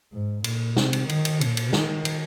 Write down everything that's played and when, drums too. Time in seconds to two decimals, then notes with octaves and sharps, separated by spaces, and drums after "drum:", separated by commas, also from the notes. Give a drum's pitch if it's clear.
0.12 G#2
0.44 A#2, drum: cymbal
0.77 C3, drum: snare
0.93 drum: cymbal
1.09 D#3, drum: cymbal
1.25 drum: cymbal
1.41 A#2, drum: cymbal
1.57 drum: cymbal
1.73 D#3, drum: snare
2.05 drum: cymbal